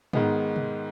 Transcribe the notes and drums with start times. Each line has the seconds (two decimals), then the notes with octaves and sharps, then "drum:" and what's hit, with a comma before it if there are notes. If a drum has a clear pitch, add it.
0.13 G#2 D#3 G#3 B3, drum: tom
0.56 drum: tom B2